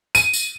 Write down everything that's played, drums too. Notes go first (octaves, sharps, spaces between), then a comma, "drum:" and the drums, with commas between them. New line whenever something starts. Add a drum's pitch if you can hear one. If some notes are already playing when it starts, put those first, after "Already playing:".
D#7, drum: tambourine
drum: tambourine